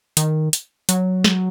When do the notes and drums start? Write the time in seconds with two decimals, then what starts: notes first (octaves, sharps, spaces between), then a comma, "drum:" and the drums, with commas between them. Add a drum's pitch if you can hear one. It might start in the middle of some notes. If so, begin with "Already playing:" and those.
0.17 D#3, drum: hi-hat
0.53 drum: hi-hat
0.89 F#3, drum: hi-hat
1.24 drum: snare